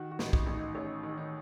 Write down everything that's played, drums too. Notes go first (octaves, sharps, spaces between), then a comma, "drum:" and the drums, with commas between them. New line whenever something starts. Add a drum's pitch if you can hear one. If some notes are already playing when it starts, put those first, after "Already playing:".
Already playing: D#3 F#4
F#4
A1, drum: snare
D#4, drum: kick
A1
D#4
A1 C#4
D#3
D#4